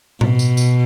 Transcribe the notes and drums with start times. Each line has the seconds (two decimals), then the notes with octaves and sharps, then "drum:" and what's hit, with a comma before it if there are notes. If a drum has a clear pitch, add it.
0.21 B2, drum: tom A2
0.39 drum: tambourine
0.57 drum: tambourine